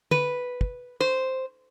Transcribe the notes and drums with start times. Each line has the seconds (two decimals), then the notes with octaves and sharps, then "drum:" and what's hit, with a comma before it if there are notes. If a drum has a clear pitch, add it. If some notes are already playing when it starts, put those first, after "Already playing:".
0.11 B4, drum: tom D3
0.61 drum: kick
1.00 C5